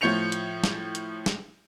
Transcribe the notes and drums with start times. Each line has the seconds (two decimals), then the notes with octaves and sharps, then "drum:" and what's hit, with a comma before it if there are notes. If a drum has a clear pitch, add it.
0.01 A2 F3 C#5 G6 C#7 F7
0.32 drum: hi-hat
0.64 drum: snare
0.95 drum: hi-hat
1.26 drum: snare